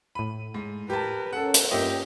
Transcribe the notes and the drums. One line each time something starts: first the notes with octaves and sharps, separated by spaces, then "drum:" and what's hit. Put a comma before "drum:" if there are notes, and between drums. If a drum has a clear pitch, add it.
A2 B5 D#7
G#2
G4 A#4 B4 A5
C#4 A4 A#4 F#5
drum: hi-hat
G2 A#3 F4 G4 D#5 E5